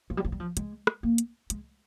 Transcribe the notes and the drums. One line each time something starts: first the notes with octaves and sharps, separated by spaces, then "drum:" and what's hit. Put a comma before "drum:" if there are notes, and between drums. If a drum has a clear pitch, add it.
F3
G3
F3
G3
F3
G#3, drum: hi-hat
drum: rim click
A#3
drum: hi-hat
G#3, drum: hi-hat